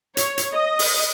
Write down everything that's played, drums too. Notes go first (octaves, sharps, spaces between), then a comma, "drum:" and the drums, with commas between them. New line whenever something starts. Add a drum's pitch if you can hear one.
C#5, drum: hi-hat
drum: hi-hat
D#5
drum: open hi-hat